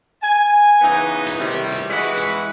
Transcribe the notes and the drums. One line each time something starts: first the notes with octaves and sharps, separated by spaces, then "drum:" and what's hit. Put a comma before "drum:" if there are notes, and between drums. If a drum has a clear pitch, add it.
G#5
C#3 E3 B3 D#4
drum: hi-hat
A2 C3 D#3 G3
drum: hi-hat
E3 G#3 E4 F#4 B4 F#5
drum: hi-hat